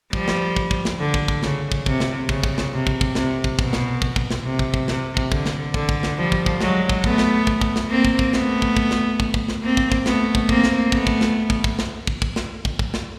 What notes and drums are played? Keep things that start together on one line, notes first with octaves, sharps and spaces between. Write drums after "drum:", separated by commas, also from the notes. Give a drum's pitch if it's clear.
F3 G3, drum: kick
drum: snare
drum: kick
drum: kick
drum: snare
D3
drum: kick
drum: kick
C#3, drum: snare
drum: kick
C3, drum: kick
drum: snare
C#3, drum: kick
drum: kick
drum: snare
C3
drum: kick
drum: kick
C3, drum: snare
drum: kick
B2, drum: kick
drum: snare
drum: kick
drum: kick
drum: snare
C3
drum: kick
drum: kick
C3, drum: snare
drum: kick
D3, drum: kick
drum: snare
D3, drum: kick
drum: kick
drum: snare
F3 G3
drum: kick
drum: kick
F#3 G#3, drum: snare
drum: kick
A3 B3, drum: kick
drum: snare
drum: kick
drum: kick
drum: snare
A#3 C4
drum: kick
drum: kick
A3 B3, drum: snare
drum: kick
drum: kick
drum: snare
drum: kick
drum: kick
drum: snare
A#3 C4
drum: kick
drum: kick
A3 B3, drum: snare
drum: kick
A#3 C4, drum: kick
drum: snare
A3 B3, drum: kick
drum: kick
drum: snare
drum: kick
drum: kick
drum: snare
drum: kick
drum: kick
drum: snare
drum: kick
drum: kick
drum: snare